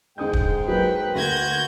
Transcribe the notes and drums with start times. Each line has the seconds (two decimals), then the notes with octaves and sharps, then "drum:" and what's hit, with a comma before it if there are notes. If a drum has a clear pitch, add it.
0.18 G#2 D3 G#3 G5 D#6 G6
0.33 drum: kick
0.68 F#3 A#3 B4
1.15 D2 A#3 F#4 G6 G#6 A#6